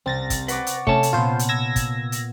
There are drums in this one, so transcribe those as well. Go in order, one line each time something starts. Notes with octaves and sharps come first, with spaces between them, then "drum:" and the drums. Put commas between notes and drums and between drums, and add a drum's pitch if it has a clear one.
C2 C4 A6 A#6
drum: kick, hi-hat
B4 F#5 C#6 D6, drum: hi-hat
drum: hi-hat
C3 A3 C#4 C#5 A5, drum: kick
drum: hi-hat
A#2 A#3 B3 F4 C5
drum: hi-hat
E6 G#6 A#6
drum: kick, hi-hat
drum: hi-hat